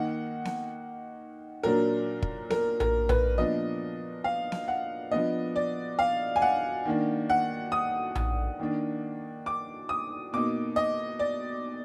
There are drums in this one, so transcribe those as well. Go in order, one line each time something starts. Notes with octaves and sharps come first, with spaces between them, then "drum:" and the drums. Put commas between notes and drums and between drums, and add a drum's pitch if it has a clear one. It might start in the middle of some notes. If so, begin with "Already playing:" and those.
Already playing: D#3 A#3 D#4 F#5
drum: snare B3
A#2 F#3 D4 A#4
drum: kick
A#4, drum: snare B3
A#4, drum: tom A#1
B4, drum: tom A#1
A#2 F3 B3 D4 D#5
F5
drum: snare B3
F#5
F3 B3 D4 D#5
D5
F5
G#5
F#5
D#3 A#3 D4
F#5
D#6
drum: tom A#1
D#3 A#3 D4
D6
D#6
B2 A#3 D#4 D6
D#5
D5